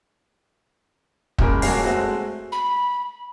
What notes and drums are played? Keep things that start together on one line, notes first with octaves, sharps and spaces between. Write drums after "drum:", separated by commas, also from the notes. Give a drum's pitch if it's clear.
F#1 A#2 G#3 A#4 B5, drum: kick
F2 A#3 F#4 G#4 C#5 C7, drum: open hi-hat
G#3 A3 C4 F#4
B5